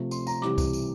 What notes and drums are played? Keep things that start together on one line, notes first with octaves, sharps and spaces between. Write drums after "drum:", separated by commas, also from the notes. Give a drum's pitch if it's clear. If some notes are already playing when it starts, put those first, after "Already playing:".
Already playing: C3 F3 A3
C6, drum: tambourine
A#5, drum: tambourine
C3 E3 G3 D6, drum: rim click
drum: kick C2, tambourine
drum: tambourine